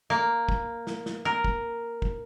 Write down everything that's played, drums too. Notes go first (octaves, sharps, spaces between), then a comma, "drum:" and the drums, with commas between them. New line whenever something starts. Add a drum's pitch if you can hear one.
A#3
drum: kick
drum: snare
drum: snare
A#4
drum: kick
drum: kick